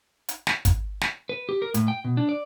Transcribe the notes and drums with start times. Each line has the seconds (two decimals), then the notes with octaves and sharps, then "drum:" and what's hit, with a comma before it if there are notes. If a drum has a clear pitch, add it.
0.29 drum: hi-hat
0.47 drum: snare
0.65 drum: kick, hi-hat
1.01 drum: snare
1.29 B4
1.49 G4
1.62 A#4
1.74 A2, drum: hi-hat
1.88 G5
2.04 B2
2.17 D4
2.29 D5